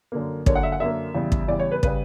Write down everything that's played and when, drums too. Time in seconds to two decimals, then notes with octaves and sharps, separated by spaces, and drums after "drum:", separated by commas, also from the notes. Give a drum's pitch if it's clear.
0.12 F#2 D3 A#3
0.46 F#2 D3 A#3 C#5, drum: kick
0.55 F#5
0.63 E5
0.72 F#5
0.80 F#2 D3 A#3 E5
1.15 E2 C#3 G3
1.32 drum: kick
1.48 E2 C#3 G3 D5
1.60 C#5
1.72 B4
1.83 C#3 G3 B4, drum: kick